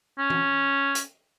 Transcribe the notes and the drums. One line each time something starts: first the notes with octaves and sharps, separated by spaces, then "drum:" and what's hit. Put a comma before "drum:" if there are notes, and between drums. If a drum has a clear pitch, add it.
C#4
drum: tom
drum: hi-hat